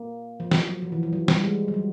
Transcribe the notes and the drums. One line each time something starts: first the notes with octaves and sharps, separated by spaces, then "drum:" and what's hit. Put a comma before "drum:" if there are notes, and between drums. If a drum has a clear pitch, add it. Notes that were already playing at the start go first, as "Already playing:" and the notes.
Already playing: A#3
F3
F#3, drum: snare
F#3
F3
E3
F3
F#3
G3, drum: snare
G#3
F#3
G3